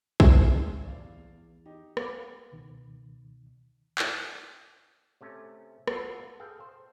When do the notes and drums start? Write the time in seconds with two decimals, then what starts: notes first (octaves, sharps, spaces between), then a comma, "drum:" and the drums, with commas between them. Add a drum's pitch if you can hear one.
0.20 drum: kick
0.84 E2 D5 F5
1.66 D#4 G4
1.97 F5 F#5 G#5 D6, drum: rim click
2.52 C#2 B2 D#3
3.99 drum: clap
5.21 C3 A3 C#4
5.88 F4 F#4 A4, drum: rim click
6.40 G#4 A4 F5 G5
6.60 C5